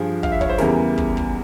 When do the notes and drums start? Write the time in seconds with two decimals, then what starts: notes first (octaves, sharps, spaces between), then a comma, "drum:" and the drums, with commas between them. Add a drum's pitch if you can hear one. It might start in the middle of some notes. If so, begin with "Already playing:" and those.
Already playing: G2 F3 G#4
0.23 F5, drum: kick
0.32 E5
0.41 C#5, drum: kick
0.49 C5
0.58 E2 C#3 E3 G3 A#4, drum: snare
0.98 drum: kick
1.17 drum: kick